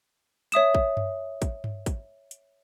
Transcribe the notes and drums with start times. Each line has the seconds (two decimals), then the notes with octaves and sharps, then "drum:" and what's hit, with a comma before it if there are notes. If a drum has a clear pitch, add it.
0.52 C#5 E5 D#6 E7, drum: hi-hat
0.75 drum: kick
0.97 drum: tom F#2
1.42 drum: kick, hi-hat
1.64 drum: tom G2
1.86 drum: kick, hi-hat
2.31 drum: hi-hat